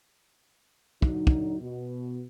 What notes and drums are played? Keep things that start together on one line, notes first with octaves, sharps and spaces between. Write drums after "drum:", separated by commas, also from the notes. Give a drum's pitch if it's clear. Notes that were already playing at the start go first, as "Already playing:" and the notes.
D3 F#3 D#4, drum: kick
drum: kick
B2